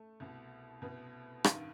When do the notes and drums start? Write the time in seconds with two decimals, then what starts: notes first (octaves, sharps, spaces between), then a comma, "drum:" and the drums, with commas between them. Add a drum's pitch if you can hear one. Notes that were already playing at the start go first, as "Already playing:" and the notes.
Already playing: A3
0.20 C2 B2
0.82 C2 B2 B3
1.44 A1 G2 D#3, drum: rim click